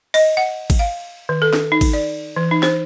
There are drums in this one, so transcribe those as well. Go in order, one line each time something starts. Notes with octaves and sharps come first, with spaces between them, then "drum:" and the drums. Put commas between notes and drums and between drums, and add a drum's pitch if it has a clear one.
D#5, drum: cymbal
F#5
drum: kick G#1, cymbal
F5
D#3
A4
drum: snare
D#4
drum: kick G#1, cymbal
D5
E3
D#4
C5, drum: snare